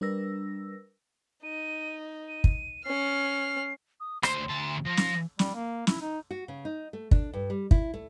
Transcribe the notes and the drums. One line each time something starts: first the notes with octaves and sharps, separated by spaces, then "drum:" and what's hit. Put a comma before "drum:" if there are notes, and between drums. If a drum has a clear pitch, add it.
G3 D4 A#4 B4 E6 A#6
D#4 D#7
D#7
drum: kick
C#4 F6 C7
D#6
D2 C5 C6, drum: rim click
D2 A5
F3 A#6
drum: snare
G3, drum: snare
A#3
E4, drum: snare
D#4
F#4
C#3
D#4
A3
D4, drum: kick
G2
G3
E4, drum: kick
A3